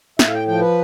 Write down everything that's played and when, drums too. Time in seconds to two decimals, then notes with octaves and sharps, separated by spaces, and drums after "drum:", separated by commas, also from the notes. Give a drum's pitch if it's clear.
0.19 A2 E5, drum: snare
0.27 F5
0.34 G5
0.47 F3 G5
0.61 B4